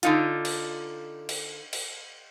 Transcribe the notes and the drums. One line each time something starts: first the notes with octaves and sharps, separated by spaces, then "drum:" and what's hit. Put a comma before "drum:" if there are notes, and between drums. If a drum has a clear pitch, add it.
D3 D#4 F4, drum: hi-hat
drum: cymbal
drum: cymbal
drum: cymbal